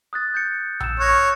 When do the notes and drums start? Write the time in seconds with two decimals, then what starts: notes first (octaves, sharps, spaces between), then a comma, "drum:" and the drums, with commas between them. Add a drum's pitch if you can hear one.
0.13 D#6 F#6 A6
0.34 G6 A6 C#7
0.80 E6 E7, drum: tom A#1
1.00 C#5 F6 F#6 A#6